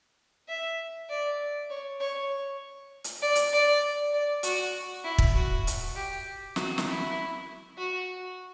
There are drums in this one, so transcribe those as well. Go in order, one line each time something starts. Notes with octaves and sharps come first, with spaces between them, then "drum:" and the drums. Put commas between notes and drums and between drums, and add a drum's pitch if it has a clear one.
E5
D5
C#5
C#5
drum: hi-hat
D5
drum: hi-hat
D5
D5
F#4, drum: hi-hat
E4
drum: kick
F#4
drum: hi-hat
G4
F#4, drum: snare
drum: snare
E4
F#4